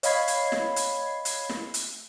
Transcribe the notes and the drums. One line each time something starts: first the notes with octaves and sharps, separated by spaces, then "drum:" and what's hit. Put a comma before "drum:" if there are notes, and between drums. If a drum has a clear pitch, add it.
C#5 D#5 F5 B5 G#6 C7, drum: hi-hat
drum: hi-hat
drum: snare
drum: hi-hat
drum: hi-hat
drum: snare
drum: hi-hat